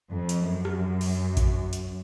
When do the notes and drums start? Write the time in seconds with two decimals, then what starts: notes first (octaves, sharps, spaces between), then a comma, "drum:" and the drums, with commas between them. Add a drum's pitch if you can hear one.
0.11 F2
0.29 drum: hi-hat
0.48 F#2
0.65 drum: rim click
1.01 drum: open hi-hat
1.37 drum: kick A1, hi-hat
1.73 drum: hi-hat